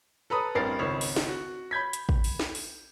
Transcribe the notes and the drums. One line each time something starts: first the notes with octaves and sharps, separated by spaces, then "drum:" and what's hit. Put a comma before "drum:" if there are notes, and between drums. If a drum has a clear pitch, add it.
A4 B4 A#5 B5 D#6
A1 G2 C4 A#4 A6 C7
G#1 C#2 C#5
drum: open hi-hat
drum: snare
F#4
B5 G6 G#6 B6
drum: hi-hat
drum: kick
drum: open hi-hat
drum: snare
drum: open hi-hat